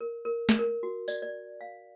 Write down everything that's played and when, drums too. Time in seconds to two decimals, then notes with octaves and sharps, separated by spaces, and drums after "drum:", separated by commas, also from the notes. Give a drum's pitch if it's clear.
0.01 A#4
0.25 A#4
0.49 drum: snare
0.59 A#4
0.83 F#4
1.08 D5, drum: tambourine
1.22 D5
1.61 F5